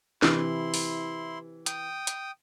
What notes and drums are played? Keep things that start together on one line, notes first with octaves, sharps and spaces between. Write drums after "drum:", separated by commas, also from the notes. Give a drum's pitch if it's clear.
C3 E3 E4 C6, drum: snare
drum: open hi-hat
G5 D#6, drum: hi-hat
drum: hi-hat